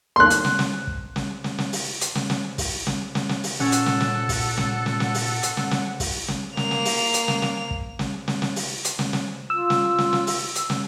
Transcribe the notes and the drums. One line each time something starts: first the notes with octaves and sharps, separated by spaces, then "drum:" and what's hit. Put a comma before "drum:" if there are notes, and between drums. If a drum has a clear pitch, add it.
C6 F#6
drum: hi-hat
drum: snare
drum: snare
drum: kick
drum: snare
drum: snare
drum: snare
drum: open hi-hat
drum: hi-hat
drum: snare
drum: snare
drum: kick, open hi-hat
drum: snare
drum: snare
drum: snare
drum: open hi-hat
A#2 C#4 A4 F#5
drum: hi-hat
drum: snare
drum: snare
drum: kick, open hi-hat
drum: snare
drum: snare
drum: snare
drum: open hi-hat
drum: hi-hat
drum: snare
drum: snare
drum: kick, open hi-hat
drum: snare
A#3 F7, drum: snare
drum: snare
drum: open hi-hat
drum: hi-hat
drum: snare
drum: snare
drum: kick
drum: snare
drum: snare
drum: snare
drum: open hi-hat
drum: hi-hat
drum: snare
drum: snare
F4 E6
drum: snare
drum: snare
drum: snare
drum: open hi-hat
drum: hi-hat
drum: snare